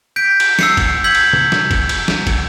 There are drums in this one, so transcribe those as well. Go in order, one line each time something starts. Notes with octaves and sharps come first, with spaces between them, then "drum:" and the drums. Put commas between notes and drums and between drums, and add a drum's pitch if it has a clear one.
G6 B6 D7
drum: cymbal
E6 C7 C#7, drum: snare
drum: kick, cymbal
E6 G6 G#6 B6 F#7
drum: cymbal
drum: tom
drum: snare
drum: kick, cymbal
drum: cymbal
drum: snare
drum: kick, cymbal